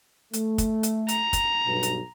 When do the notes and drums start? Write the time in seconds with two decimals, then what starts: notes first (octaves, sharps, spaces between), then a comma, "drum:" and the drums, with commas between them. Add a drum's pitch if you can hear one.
0.33 A3, drum: hi-hat
0.58 drum: kick, hi-hat
0.83 drum: hi-hat
1.08 A#5, drum: hi-hat
1.33 drum: kick, hi-hat
1.66 B1 G2 B2
1.83 drum: hi-hat